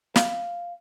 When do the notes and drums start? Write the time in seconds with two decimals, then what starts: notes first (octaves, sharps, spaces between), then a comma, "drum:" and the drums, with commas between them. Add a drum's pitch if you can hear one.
0.16 F5, drum: snare